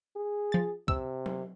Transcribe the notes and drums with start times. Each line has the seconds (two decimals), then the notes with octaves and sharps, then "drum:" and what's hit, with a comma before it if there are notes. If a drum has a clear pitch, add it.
0.16 G#4
0.52 F3 A6
0.88 C3 E6, drum: kick
1.26 drum: tom F#3